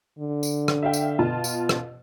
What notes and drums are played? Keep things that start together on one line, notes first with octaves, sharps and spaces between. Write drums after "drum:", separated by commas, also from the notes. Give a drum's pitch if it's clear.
D3
drum: tambourine
drum: rim click
E5 F5 G5
drum: tambourine
B2 F4 A5
drum: tambourine
drum: rim click